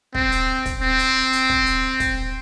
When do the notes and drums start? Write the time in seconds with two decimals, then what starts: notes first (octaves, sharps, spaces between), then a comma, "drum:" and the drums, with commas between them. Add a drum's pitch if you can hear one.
0.14 C4, drum: kick
0.32 drum: hi-hat
0.65 drum: kick, hi-hat
0.82 C4
0.99 drum: hi-hat
1.33 drum: hi-hat
1.49 drum: kick
1.66 drum: hi-hat
2.00 drum: kick, hi-hat